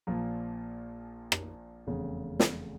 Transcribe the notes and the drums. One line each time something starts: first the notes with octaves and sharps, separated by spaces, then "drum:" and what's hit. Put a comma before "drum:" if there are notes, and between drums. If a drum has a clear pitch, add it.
A#1 A#2 F3 A#3
drum: rim click
F1 E2 C#3
drum: snare